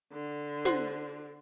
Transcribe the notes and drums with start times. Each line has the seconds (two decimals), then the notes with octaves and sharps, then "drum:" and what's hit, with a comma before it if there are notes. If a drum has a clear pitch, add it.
0.12 D3
0.65 C5 F#5 C6, drum: snare